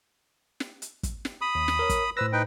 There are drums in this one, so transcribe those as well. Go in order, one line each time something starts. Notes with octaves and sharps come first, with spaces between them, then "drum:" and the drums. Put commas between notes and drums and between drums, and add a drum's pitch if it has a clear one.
drum: snare
drum: hi-hat
drum: kick, hi-hat
drum: snare
B5 D#6
D#2
drum: snare
A#4 C#5
drum: kick, hi-hat
A2 B4 C5 E6 A#6
D#4 B4 G5